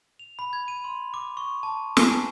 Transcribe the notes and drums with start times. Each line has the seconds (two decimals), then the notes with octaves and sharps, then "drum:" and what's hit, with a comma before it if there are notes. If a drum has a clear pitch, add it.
0.19 F7
0.39 B5
0.53 G#6
0.68 D#7
0.84 C6
1.14 D6
1.37 C#6
1.63 A5
1.97 G#5, drum: snare
2.11 A5